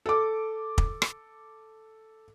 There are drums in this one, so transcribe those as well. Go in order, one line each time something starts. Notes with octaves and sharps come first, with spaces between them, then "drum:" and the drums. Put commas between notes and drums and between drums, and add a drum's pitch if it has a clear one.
A4 D6
drum: kick
drum: rim click